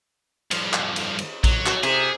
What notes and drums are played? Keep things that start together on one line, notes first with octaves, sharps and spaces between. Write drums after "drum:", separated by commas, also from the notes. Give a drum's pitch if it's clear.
G2 F3, drum: cymbal
drum: clap
drum: cymbal
drum: cymbal
F#3, drum: kick A#1, cymbal
F#4, drum: clap
C3 G#4, drum: cymbal